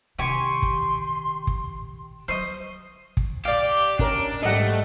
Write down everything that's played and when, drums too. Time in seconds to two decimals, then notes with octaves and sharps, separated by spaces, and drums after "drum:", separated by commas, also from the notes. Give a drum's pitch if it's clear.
0.19 C3 D#3 G4 G#5 C6 C#6
0.62 drum: kick
1.47 drum: kick
2.28 F#3 C5 D#5 C#6
3.17 drum: kick
3.45 G4 D5 F5
3.99 C#4 D4 A#4, drum: kick
4.43 G#2 G3 A3 D#5 F#5